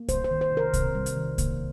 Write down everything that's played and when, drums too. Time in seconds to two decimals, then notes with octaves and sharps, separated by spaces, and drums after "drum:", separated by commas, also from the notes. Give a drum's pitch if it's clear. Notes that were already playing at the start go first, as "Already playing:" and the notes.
Already playing: A#3
0.08 G3 C5, drum: kick, hi-hat
0.24 C5
0.31 D#3
0.41 C5
0.51 C3
0.57 A#4
0.74 C3, drum: kick, hi-hat
0.95 G3
1.06 drum: hi-hat
1.17 D#3
1.38 A#3, drum: kick, hi-hat